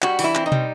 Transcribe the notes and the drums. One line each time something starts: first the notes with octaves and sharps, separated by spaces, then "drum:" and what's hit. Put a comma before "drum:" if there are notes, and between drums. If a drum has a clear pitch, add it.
G3 F#4, drum: clap
E3, drum: open hi-hat
E4
C4, drum: clap
D#4
G3, drum: tom